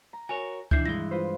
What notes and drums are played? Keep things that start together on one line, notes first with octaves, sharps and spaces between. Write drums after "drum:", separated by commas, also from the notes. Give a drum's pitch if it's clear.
A#5
F#4 A#4 C#5 G#5
D#3 E3 D4 E4 E5 G6 C7, drum: kick C#2
G2 E3 G#3 E4 A#6
F4 B4 C5